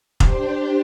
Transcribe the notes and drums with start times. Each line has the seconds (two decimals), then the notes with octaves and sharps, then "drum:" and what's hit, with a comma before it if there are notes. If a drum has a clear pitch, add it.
0.20 D4 G4 C5, drum: kick F1